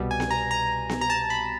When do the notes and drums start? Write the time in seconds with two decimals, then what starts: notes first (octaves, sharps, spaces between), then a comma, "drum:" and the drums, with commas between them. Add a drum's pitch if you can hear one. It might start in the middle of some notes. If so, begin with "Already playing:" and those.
Already playing: C2 B2 G3 B3
0.11 G#5
0.20 drum: snare B3
0.31 A#5
0.51 A#5
0.89 drum: snare B3
1.01 A#5
1.10 A5
1.30 B5